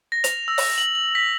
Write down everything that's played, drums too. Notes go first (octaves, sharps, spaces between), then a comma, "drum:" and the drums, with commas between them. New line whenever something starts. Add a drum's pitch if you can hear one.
A#6
F7, drum: hi-hat
E6
drum: open hi-hat
F#7
F#7
B6